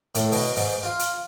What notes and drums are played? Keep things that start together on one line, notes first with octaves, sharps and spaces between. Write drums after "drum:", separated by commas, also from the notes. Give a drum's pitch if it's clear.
A2, drum: hi-hat
B2, drum: open hi-hat
G#2, drum: open hi-hat
F4
drum: hi-hat